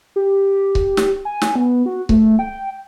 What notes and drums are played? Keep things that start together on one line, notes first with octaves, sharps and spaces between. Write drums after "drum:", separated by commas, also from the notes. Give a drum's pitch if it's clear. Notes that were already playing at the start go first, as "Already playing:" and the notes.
G4
drum: kick C#1
drum: snare
G#5
drum: snare
B3
F#4
A3, drum: kick C#1
G5